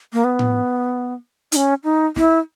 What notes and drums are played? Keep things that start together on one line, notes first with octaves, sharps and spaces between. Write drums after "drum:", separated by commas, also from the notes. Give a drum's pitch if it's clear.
A#3
B3
drum: tom A2
D#4, drum: hi-hat
C#4
D#4
E4, drum: snare